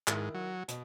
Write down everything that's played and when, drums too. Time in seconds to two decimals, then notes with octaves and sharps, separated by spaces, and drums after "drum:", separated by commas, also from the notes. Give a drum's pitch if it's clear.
0.07 G#2 D#3 E4, drum: clap
0.34 F#3
0.68 B2, drum: hi-hat